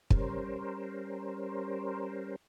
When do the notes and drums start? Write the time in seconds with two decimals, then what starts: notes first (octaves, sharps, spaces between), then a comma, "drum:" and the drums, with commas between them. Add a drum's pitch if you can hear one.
0.10 G3 C#4 A#4 C5, drum: kick